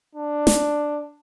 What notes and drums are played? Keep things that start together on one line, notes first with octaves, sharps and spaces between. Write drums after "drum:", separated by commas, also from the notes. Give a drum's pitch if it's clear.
D4
drum: snare